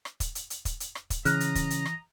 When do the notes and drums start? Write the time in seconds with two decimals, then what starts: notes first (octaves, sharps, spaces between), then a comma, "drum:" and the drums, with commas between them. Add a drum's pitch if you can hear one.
0.05 drum: rim click
0.20 drum: kick, hi-hat
0.35 drum: hi-hat
0.50 drum: hi-hat
0.65 drum: kick, hi-hat
0.80 drum: hi-hat
0.95 drum: rim click
1.10 drum: kick, hi-hat
1.25 C#3 E3 D#5 A#5 F6 F#6, drum: hi-hat
1.40 drum: hi-hat
1.55 drum: kick, hi-hat
1.70 drum: hi-hat
1.85 drum: rim click